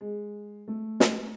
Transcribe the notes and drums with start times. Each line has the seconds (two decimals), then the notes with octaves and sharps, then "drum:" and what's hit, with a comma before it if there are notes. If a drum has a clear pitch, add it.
0.01 G#3
0.68 A3
1.00 drum: snare